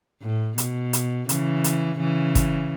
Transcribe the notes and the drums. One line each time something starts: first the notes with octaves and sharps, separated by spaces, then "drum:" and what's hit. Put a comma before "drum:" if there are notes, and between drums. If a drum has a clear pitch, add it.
A2
B2, drum: hi-hat
drum: hi-hat
C#3 E3, drum: hi-hat
drum: hi-hat
C#3 E3
drum: kick, hi-hat